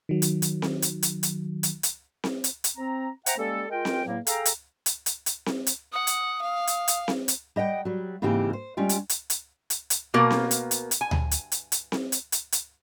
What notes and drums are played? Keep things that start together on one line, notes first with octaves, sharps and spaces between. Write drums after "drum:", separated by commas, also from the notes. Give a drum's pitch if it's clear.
D#3 F#3
drum: hi-hat
drum: hi-hat
drum: snare C4
drum: hi-hat
drum: hi-hat
drum: hi-hat
drum: hi-hat
drum: hi-hat
drum: snare C4
drum: hi-hat
drum: hi-hat
C4 A#5
C5 E5 F#5 G5 A#5, drum: hi-hat
G3 G#3 A#3 C#4 A4
G#3 F4 A#4 G5
drum: snare C4
E2 A2 F#3 A#3
G#4 A4 F5 G5 A#5, drum: hi-hat
drum: hi-hat
drum: hi-hat
drum: hi-hat
drum: hi-hat
drum: snare C4
drum: hi-hat
F#5 D#6
drum: hi-hat
F5
drum: hi-hat
drum: hi-hat
drum: snare C4
drum: hi-hat
G3 D#5 F#5 G5
F#3 G3
G#2 C#3 E3 A#3 C4 G4
C5
G3 G#3 C#4 F4 G5
drum: hi-hat
drum: hi-hat
drum: hi-hat
drum: hi-hat
drum: hi-hat
B2 A#3 A#4
drum: snare C4
drum: hi-hat
drum: hi-hat
drum: hi-hat
G#5
drum: tom D2
drum: hi-hat
drum: hi-hat
drum: hi-hat
drum: snare C4
drum: hi-hat
drum: hi-hat
drum: hi-hat